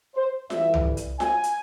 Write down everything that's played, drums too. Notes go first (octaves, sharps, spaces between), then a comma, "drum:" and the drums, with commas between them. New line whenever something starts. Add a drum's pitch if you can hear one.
C5
F2 E3 G3 E5, drum: snare F4
drum: tom C2
drum: hi-hat
G#5, drum: snare F4
drum: hi-hat